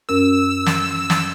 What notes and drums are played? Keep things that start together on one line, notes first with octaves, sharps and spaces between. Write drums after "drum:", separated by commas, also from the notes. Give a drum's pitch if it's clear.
F#2 C#4 A#4 E6
drum: snare
drum: snare